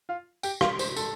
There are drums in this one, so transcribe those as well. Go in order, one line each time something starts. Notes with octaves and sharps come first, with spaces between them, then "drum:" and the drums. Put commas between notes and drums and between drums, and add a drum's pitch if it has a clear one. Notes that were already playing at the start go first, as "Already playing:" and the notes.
F4 F5
G4 G5, drum: tambourine
F4 F5, drum: rim click
C5, drum: tambourine
A4, drum: tambourine